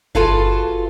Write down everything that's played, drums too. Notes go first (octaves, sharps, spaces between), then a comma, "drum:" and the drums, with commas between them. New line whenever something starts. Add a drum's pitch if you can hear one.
F4 F#4 G#4 A4 B4 F5, drum: kick G1